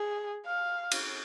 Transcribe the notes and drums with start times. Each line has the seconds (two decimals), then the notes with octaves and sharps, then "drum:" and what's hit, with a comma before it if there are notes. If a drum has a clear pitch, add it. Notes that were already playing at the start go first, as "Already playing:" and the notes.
Already playing: G#4
0.46 F5
0.91 drum: cymbal